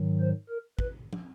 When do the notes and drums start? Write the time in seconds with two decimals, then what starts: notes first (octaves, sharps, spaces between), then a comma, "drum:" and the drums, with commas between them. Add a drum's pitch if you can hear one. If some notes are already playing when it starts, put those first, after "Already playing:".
Already playing: G#2 D#3 F#3
0.20 C5
0.49 A#4
0.79 B4, drum: kick
1.13 drum: tom